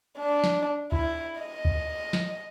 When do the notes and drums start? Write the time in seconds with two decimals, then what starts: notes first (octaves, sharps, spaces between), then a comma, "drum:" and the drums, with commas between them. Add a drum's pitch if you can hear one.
0.18 D4
0.44 drum: snare
0.92 E4, drum: kick
1.41 D#5
1.65 drum: kick
2.13 drum: snare